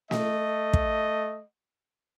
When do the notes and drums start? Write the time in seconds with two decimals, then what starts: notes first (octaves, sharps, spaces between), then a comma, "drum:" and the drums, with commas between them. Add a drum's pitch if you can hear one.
0.11 A3 D#5, drum: snare
0.73 drum: kick